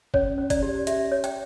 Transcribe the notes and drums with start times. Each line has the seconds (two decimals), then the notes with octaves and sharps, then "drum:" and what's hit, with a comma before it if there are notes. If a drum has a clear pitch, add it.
0.14 C#4 C#5, drum: kick
0.38 C#4
0.50 D5, drum: kick, hi-hat
0.63 G4
0.87 G4 E5, drum: hi-hat
1.12 C#5
1.24 G5, drum: hi-hat